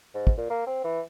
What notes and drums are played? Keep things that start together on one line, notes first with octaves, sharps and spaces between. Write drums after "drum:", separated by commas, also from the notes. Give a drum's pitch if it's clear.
G#2
drum: kick
A#2
A#3
C4
E3